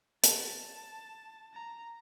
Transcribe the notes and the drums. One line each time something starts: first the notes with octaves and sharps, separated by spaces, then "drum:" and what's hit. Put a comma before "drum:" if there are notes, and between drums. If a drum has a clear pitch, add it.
A5, drum: hi-hat
A#5